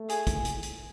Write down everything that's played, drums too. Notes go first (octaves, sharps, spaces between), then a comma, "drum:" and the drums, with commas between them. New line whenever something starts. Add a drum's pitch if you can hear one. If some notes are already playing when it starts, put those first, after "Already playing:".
Already playing: A3
G#4, drum: hi-hat
drum: kick, hi-hat
drum: hi-hat
drum: hi-hat